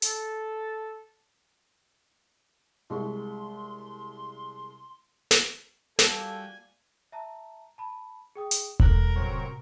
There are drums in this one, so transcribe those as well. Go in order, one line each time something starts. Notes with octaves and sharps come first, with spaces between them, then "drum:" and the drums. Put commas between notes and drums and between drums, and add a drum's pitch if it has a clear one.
A4, drum: hi-hat
C2 G#3 C6 C#6
drum: snare
G3 A#3 F4 F#4 A4 D5 G5 G#5, drum: snare
E5 A5 A#5
A5 B5
G#4 G5 D#6
drum: hi-hat
G3 C4 A4 A#4 F#6 F#7, drum: kick E1
F#2 A2 C3 C4 C#5